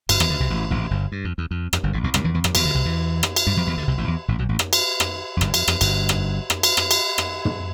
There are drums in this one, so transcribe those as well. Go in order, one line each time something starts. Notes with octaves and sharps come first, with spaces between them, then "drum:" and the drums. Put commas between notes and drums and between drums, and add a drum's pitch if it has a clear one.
G1 G2, drum: cymbal
E2 E3, drum: rim click
D2 D3
C2 C3
A1 A2
A1 A2
A2
G1 G2
G2
F2
E2
F2
F2, drum: rim click
G1 G2
A1 A2
B1 B2
C2 C3, drum: rim click
E2 E3
E2 E3
F2 F3, drum: rim click
E2 E3, drum: cymbal
D2 D3
C2 C3
E2 E3
drum: rim click
drum: cymbal
G2 G3
F2 F3
E2 E3
D2 D3
C2 C3
A1 A2
E2
A1 A2
B1 B2
A1 A2
drum: rim click
drum: cymbal
drum: rim click
F2
G1 G2, drum: rim click
F2, drum: cymbal
F2, drum: rim click
G1 G2, drum: cymbal
drum: rim click
drum: rim click
drum: cymbal
drum: rim click
drum: cymbal
drum: rim click
drum: tom